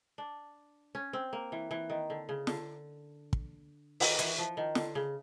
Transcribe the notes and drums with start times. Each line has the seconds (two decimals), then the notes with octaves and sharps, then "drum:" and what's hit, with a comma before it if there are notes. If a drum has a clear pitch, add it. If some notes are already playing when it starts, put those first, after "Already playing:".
0.18 D4
0.95 C#4
1.13 C4
1.33 A#3
1.52 E3
1.71 E3
1.90 D#3
2.10 D3
2.29 C#3
2.47 D3, drum: snare
3.33 drum: kick
4.00 D#3, drum: open hi-hat
4.19 E3, drum: hi-hat
4.39 F3
4.57 D#3
4.75 D3, drum: snare
4.95 C#3